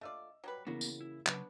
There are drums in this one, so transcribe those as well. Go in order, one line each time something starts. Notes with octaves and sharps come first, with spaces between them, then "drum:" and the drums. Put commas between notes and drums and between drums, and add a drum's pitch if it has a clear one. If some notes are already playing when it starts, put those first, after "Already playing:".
A3 F4 D5 D#5 E6
F#3 G3 B4
C#3 E3 A#3 B3 F#4 A#4
drum: tambourine
E4
C#3 F#3 B3 D4, drum: clap